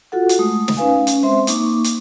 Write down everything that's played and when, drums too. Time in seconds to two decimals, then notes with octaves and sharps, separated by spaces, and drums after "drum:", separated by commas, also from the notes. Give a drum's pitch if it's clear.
0.12 F4 F#4 A4 F#5
0.29 drum: hi-hat
0.39 G#3 A3 D#6
0.68 drum: snare
0.77 C#4 D#4 B4 F5 G#5
1.07 C#4, drum: hi-hat
1.23 G#3 C4 C5 E5 C6
1.47 A#3 D#4 C#6 D6, drum: hi-hat
1.84 drum: hi-hat